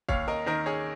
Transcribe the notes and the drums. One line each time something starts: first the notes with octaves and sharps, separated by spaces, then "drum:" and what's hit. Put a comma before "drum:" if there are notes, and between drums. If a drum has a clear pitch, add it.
D#2 C#5 F5, drum: kick
A#4 D#5
D#3 A#4 D#5
G#4 C#5